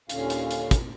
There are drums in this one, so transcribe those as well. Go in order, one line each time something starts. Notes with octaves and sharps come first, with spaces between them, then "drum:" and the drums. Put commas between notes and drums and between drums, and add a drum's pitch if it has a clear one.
D#2 A#2 D3 C#4 F5, drum: hi-hat
drum: hi-hat
drum: hi-hat
drum: kick, hi-hat